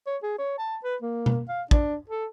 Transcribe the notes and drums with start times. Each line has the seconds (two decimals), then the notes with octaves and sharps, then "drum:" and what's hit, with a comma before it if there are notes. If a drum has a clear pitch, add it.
0.07 C#5
0.23 G#4
0.38 C#5
0.58 A5
0.83 B4
1.02 A#3
1.26 drum: tom B2
1.48 F5
1.71 D4, drum: kick
2.10 A4